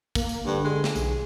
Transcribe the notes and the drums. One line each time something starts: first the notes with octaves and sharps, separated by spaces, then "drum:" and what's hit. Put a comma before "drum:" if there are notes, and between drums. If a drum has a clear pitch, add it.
A#3, drum: kick, tambourine
drum: tambourine
G2 D3
G#3
drum: snare
B1 G#4, drum: tambourine